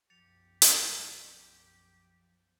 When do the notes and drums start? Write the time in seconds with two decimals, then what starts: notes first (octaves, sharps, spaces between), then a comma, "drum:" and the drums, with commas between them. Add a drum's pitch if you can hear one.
0.10 B1 F#2 F3 G4 A6 C#7 F7
0.62 drum: hi-hat